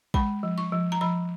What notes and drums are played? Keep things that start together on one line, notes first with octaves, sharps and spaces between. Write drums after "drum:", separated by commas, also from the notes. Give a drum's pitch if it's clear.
G#3 B5, drum: kick
F3
C#6
F3
A#5
F3 B5